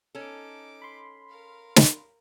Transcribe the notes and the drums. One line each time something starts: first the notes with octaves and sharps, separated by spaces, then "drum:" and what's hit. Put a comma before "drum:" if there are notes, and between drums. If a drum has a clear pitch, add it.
C#4 D#4 A4 D6
B5 C6
A#4 F5
drum: snare